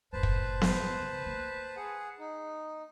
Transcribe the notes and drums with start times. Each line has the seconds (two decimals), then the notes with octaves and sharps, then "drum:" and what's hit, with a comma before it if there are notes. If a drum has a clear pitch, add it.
0.13 F#1 A2 B4 C5 A5
0.23 drum: kick
0.62 drum: snare B3
1.00 C#3
1.26 A#3
1.77 G#4 F#5
2.19 D#4